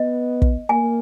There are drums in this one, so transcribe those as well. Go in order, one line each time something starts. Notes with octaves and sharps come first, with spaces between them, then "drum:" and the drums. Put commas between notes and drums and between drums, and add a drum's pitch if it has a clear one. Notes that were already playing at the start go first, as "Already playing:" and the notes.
Already playing: B3 D#5
drum: kick
A#3 G#5